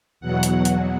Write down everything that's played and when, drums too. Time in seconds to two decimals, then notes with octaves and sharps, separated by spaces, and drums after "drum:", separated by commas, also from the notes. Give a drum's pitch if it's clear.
0.21 E2 B2 F#3 F#5
0.43 drum: hi-hat
0.65 drum: hi-hat